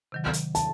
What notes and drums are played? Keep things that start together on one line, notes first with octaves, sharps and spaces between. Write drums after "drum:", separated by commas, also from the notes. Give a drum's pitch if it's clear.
C3 D#3 F#3
drum: hi-hat
A5, drum: hi-hat